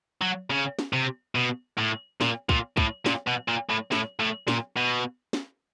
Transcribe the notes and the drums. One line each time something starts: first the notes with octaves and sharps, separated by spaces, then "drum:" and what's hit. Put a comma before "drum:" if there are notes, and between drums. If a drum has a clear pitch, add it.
F#3
C#3
drum: snare
C3
B2
A2
A#2, drum: snare
A#2, drum: kick
A2, drum: kick
A#2, drum: snare
B2
A#2
A2
A2, drum: snare
A2
A#2, drum: snare
B2
drum: snare